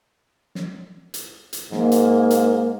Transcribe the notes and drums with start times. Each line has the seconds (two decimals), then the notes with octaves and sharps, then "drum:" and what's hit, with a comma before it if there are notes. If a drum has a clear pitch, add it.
0.55 drum: snare
1.14 drum: hi-hat
1.53 drum: hi-hat
1.72 G#2 A#3, drum: snare
1.92 drum: hi-hat
2.30 drum: hi-hat